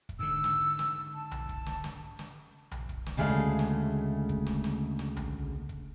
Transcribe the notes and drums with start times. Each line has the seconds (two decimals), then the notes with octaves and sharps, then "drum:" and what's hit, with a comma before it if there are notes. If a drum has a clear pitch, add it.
0.09 drum: kick
0.19 G#2 D3 E6
0.44 drum: snare
0.79 drum: snare
1.14 A5
1.31 drum: tom B1
1.49 drum: kick
1.66 drum: snare
1.84 drum: snare
2.19 drum: snare
2.71 drum: tom B1
2.89 drum: kick
3.06 drum: snare
3.17 D2 C#3 G#3 A3 F5
3.59 drum: snare
4.29 drum: kick
4.46 drum: snare
4.64 drum: snare
4.99 drum: snare
5.16 drum: tom B1
5.69 drum: kick